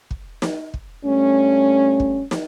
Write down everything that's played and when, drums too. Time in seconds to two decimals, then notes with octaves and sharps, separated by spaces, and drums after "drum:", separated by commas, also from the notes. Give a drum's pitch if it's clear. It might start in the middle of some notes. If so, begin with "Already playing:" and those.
0.11 drum: kick
0.42 drum: snare
0.74 drum: kick
1.05 G2 A3 C#4
2.00 drum: kick
2.31 drum: snare